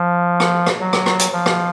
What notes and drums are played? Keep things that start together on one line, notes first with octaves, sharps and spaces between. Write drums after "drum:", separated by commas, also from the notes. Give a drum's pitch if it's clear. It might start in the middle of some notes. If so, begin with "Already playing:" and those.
Already playing: F3
drum: rim click
drum: rim click
F#3
drum: rim click
drum: rim click
drum: hi-hat
F3
drum: rim click